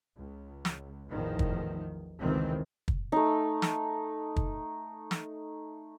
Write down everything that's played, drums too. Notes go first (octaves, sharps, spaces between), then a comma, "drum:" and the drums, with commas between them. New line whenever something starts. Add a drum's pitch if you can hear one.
C#2
drum: snare
A1 E2 D#3 F3
drum: kick
F1 C#2 C3 D#3 E3 C4
drum: kick
A3 D#4
drum: snare
drum: kick
drum: snare